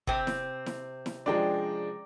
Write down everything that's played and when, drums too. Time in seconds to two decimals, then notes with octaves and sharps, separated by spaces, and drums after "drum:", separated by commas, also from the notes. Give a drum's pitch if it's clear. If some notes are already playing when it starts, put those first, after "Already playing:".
0.07 C3 C4, drum: kick
0.27 drum: snare E4
0.66 drum: snare E4
1.06 drum: snare E4
1.26 F3 G#3 D4 D5 G5 A#5